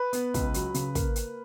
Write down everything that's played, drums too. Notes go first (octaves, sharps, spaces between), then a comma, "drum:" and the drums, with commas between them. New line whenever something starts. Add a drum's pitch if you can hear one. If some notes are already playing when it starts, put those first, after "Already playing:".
Already playing: B4
B3, drum: hi-hat
C#2, drum: kick, hi-hat
F#3, drum: hi-hat
C#3, drum: hi-hat
A#3, drum: kick, hi-hat
drum: hi-hat